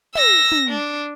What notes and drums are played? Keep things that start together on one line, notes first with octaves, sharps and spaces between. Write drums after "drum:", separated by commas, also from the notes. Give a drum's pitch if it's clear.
E6 A#6, drum: tom
drum: tom
D4